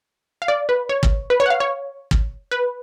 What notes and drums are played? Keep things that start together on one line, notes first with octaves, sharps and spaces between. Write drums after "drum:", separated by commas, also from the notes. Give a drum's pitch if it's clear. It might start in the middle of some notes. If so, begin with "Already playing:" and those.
F5
D5
B4
C#5
drum: kick
B4
C#5
F#5
F5
C#5
drum: kick
B4